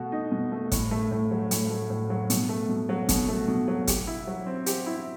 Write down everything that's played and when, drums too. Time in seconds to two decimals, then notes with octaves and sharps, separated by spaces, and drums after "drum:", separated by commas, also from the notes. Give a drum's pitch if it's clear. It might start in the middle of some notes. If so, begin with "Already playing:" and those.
Already playing: B2 A3 F#4
0.12 D#4
0.32 B2
0.52 A3
0.72 A2, drum: kick G1, hi-hat
0.91 A3
1.11 A2
1.31 F#3
1.51 A2, drum: hi-hat
1.70 A3
1.90 A2
2.10 F#3
2.30 B2, drum: hi-hat
2.49 A3
2.69 B2
2.89 F#3
3.09 B2, drum: kick G1, hi-hat
3.29 A3
3.48 B2
3.68 F#3
3.87 G4, drum: kick G1, hi-hat
4.07 E4
4.27 F#3
4.47 C4
4.66 G4, drum: hi-hat
4.86 E4